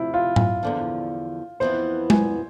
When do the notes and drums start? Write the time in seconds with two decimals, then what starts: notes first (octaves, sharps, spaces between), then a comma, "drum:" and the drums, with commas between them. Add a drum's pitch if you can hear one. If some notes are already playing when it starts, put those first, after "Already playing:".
Already playing: D2 C3 F3 E4
0.14 F4
0.36 drum: tom A2
0.63 E2 D3 F3
1.60 F2 E3 B3 C5
2.10 G#5, drum: tom G#3